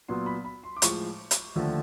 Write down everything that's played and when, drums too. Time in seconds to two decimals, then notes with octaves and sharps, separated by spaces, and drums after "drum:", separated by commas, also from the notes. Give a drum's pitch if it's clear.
0.08 A#2 F#3 B3 C6
0.26 B5
0.45 B5
0.64 C6
0.76 D6
0.82 A2 F3 G#3 C#6, drum: hi-hat
1.31 drum: hi-hat
1.56 D#2 D3 F3 A3